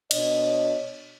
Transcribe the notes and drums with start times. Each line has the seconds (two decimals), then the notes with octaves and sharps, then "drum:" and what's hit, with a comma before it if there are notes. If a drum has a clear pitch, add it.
0.11 B2 D4 C#5 D#5, drum: cymbal